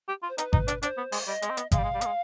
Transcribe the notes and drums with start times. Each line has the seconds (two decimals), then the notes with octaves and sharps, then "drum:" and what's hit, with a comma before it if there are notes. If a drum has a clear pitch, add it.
0.08 G4
0.23 F4
0.29 C5
0.38 D#4 B4, drum: hi-hat
0.53 D#4, drum: kick G#1
0.68 D4, drum: hi-hat
0.83 D4 C5, drum: hi-hat
0.97 B3
1.12 G#3, drum: open hi-hat
1.27 G3 D#5
1.42 G#3, drum: hi-hat
1.50 C4
1.57 B3, drum: hi-hat
1.71 G#3 F5, drum: kick G#1, hi-hat
1.79 G3
1.84 G#3
1.94 G3
2.01 B3, drum: hi-hat
2.06 G#3